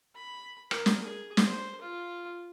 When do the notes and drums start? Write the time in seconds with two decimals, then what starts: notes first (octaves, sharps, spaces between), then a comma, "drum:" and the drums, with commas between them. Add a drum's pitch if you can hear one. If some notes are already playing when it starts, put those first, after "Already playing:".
0.16 B5
0.71 A#4, drum: rim click
0.86 drum: snare
1.03 G#4
1.37 drum: snare
1.47 C5
1.82 F4